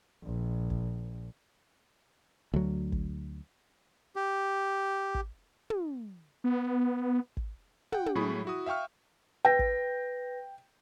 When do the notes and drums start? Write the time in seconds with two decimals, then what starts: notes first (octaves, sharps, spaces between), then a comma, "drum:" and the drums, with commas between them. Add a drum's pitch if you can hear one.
0.24 A#1
0.70 drum: kick
2.54 D2 F#3
2.92 drum: kick
4.16 G4
5.15 drum: kick
5.70 drum: tom
6.44 B3
7.37 drum: kick
7.92 F#5 G5, drum: tom
8.06 drum: tom
8.15 A2 F#3 G#4 B5 C#6
8.45 E4 F#4 D#6
8.66 E5 F5 G5 C#6 F6
9.45 B4 G5 A#6
9.59 drum: kick